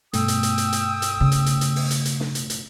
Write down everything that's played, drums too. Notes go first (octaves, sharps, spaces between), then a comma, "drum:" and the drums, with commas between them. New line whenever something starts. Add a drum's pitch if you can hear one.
G2 B2 A3 G5 D#6 E6, drum: hi-hat
drum: hi-hat
drum: hi-hat
drum: hi-hat
drum: hi-hat
drum: hi-hat
C#3
drum: hi-hat
drum: hi-hat
drum: hi-hat
drum: open hi-hat
drum: hi-hat
drum: hi-hat
drum: snare
drum: hi-hat
drum: hi-hat